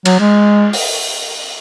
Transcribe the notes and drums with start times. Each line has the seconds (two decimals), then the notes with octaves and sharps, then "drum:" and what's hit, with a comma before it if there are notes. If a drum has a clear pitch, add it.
0.05 F#3, drum: cymbal
0.20 G#3
0.73 drum: open hi-hat